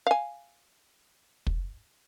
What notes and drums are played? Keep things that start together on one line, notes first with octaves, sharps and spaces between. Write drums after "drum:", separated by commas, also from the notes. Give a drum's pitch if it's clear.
F5 G#5
drum: kick